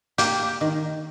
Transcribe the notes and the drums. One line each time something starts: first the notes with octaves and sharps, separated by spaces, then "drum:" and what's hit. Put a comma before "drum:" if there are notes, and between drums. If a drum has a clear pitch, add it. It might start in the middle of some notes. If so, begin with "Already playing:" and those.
A#3 G4, drum: hi-hat
D#3